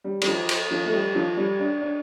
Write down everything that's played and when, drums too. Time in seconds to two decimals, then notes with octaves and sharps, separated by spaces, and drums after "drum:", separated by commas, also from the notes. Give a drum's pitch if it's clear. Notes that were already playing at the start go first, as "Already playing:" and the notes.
0.04 G3
0.21 G3, drum: cymbal
0.26 F3
0.49 drum: cymbal
0.71 F3
0.86 A3
0.92 G3
1.15 F3
1.37 G3
1.59 D4
1.81 D4